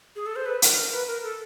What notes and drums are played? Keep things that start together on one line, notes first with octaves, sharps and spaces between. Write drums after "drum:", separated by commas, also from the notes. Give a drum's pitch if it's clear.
G#4
A4
C5
B4
A#4, drum: hi-hat
A#4
B4
A#4
A4